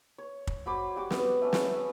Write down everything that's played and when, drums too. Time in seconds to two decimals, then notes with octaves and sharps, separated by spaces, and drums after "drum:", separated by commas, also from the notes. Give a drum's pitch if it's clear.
0.18 C#5
0.47 drum: kick
0.66 F#3 C5 B5 D6
0.96 G3 F#4 D6
1.11 B3, drum: snare
1.42 A3 C#4
1.53 drum: snare
1.65 E5